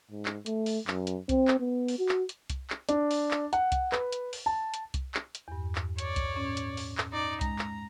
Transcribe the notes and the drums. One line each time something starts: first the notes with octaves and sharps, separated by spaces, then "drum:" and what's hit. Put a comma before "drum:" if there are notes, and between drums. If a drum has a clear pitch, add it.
G#2
drum: clap
A3, drum: hi-hat
drum: open hi-hat
F#2, drum: clap
drum: hi-hat
C4, drum: kick C2, hi-hat
drum: clap
B3
drum: open hi-hat
F#4
drum: clap
drum: hi-hat
drum: kick C2, hi-hat
drum: clap
D4, drum: hi-hat
drum: open hi-hat
drum: clap
F#5, drum: hi-hat
drum: kick C2, hi-hat
B4, drum: clap
drum: hi-hat
drum: open hi-hat
A5
drum: hi-hat
drum: kick C2, hi-hat
drum: clap
drum: hi-hat
E2 G2
drum: clap
C#5 D5, drum: hi-hat
drum: kick C2, hi-hat
A2 C#4
drum: hi-hat
drum: open hi-hat
drum: clap
D#4 D5
G#3 A#5, drum: kick C2, hi-hat
drum: clap